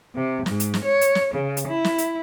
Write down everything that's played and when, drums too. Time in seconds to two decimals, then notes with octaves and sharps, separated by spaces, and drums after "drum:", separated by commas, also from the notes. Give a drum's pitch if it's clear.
0.15 C3
0.46 G#2, drum: snare
0.60 drum: hi-hat
0.74 drum: snare
0.84 C#5
1.01 drum: hi-hat
1.15 drum: snare
1.34 C#3
1.57 drum: hi-hat
1.67 E4
1.84 drum: snare
1.98 drum: hi-hat